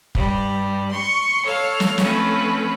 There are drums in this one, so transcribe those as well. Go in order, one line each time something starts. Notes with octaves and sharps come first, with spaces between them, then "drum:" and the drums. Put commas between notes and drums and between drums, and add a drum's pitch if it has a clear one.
G2 G3, drum: kick
C6 C#6
A4 C#5 F5 F6
drum: snare
F3 A3 C4 C#4 B4, drum: snare